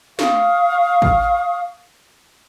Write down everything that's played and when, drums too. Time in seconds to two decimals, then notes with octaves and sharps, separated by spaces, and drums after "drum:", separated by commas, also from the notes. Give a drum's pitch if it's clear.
0.19 F5 C#6 D#6, drum: snare
1.02 drum: kick